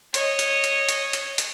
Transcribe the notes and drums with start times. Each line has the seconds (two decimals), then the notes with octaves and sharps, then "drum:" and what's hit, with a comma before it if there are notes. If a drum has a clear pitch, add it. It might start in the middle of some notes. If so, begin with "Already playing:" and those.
0.14 C#5 D#5, drum: hi-hat
0.39 drum: hi-hat
0.64 drum: hi-hat
0.89 drum: hi-hat
1.13 drum: hi-hat
1.38 drum: hi-hat